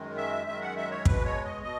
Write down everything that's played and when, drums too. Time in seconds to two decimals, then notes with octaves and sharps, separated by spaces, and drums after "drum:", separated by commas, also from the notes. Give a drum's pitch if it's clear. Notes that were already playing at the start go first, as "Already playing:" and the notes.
Already playing: F#2 D#3 G#3
0.17 E5
0.47 F#2 D#3 G#3 E5
0.61 F#5
0.77 E5
0.91 C#5
1.05 B2 G#3 B4, drum: kick
1.25 C#5
1.44 D#5
1.63 B2 D#5